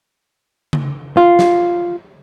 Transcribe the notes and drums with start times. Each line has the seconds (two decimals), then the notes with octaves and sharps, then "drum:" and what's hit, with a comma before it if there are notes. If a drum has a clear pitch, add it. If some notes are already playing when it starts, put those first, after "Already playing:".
0.73 drum: tom C#3
1.17 F4
1.39 drum: snare